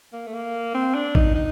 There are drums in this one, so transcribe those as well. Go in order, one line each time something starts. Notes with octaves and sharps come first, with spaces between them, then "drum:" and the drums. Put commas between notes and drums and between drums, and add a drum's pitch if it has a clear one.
A#3
A3
A#3
C4
D4
D#4, drum: kick A1
D#4